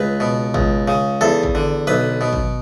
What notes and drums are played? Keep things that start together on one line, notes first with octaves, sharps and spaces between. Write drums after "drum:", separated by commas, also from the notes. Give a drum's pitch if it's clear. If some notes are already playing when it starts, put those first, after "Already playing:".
Already playing: C#2 B4
B2
C#2, drum: kick G#1
C#3
E2 A4
drum: kick G#1
D3
B1 B4
B2
drum: kick G#1